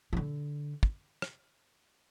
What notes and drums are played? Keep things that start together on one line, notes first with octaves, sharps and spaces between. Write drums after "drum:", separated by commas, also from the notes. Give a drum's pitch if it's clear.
C#3
D3
drum: kick
drum: rim click